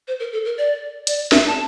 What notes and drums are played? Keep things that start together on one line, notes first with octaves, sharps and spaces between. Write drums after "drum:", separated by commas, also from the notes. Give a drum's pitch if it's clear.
C5
A#4
A4
A#4
D5
D5, drum: hi-hat
E5, drum: snare
A5